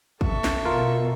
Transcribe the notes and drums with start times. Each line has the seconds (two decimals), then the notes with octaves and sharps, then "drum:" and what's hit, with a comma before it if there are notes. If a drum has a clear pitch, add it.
0.21 A4 E5 C#6, drum: kick
0.44 drum: snare
0.65 B2 F4 A#4